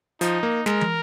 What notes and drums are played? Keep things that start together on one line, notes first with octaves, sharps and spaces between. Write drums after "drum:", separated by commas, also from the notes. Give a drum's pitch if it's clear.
F3 D#4, drum: hi-hat
A#3
G#3 A#4, drum: snare
drum: tom